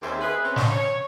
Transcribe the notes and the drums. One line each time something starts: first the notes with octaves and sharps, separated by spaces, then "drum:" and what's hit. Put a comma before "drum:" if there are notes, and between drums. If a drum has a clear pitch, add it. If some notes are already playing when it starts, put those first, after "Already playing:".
D#2 D#3 C4 C#4 G#4 E5
G#4 B4 E5
C4 C#4
drum: snare
C#5